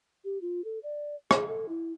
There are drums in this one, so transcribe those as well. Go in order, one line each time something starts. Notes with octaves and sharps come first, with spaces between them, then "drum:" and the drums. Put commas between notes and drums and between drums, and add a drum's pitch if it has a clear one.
G4
F4
A4
D5
G#4, drum: rim click
A4
E4